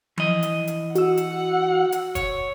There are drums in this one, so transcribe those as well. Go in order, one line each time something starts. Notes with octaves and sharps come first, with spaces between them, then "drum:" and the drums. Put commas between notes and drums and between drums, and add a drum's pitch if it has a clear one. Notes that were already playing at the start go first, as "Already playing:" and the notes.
E3 D#5, drum: tom F3
drum: hi-hat
drum: hi-hat
F#4 F#5 E6, drum: hi-hat
drum: hi-hat
drum: hi-hat
C#5, drum: kick, hi-hat